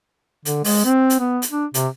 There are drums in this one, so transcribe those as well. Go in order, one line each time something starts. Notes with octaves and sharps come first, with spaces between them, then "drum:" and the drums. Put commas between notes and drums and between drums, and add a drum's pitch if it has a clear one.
D3, drum: hi-hat
G#3, drum: open hi-hat
C4
drum: hi-hat
B3
drum: hi-hat
D4
C3, drum: hi-hat